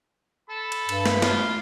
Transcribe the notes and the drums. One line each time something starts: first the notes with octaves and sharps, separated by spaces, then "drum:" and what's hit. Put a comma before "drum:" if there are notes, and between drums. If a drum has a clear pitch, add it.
A4 B5
drum: cymbal
G2, drum: cymbal
drum: snare
F4, drum: snare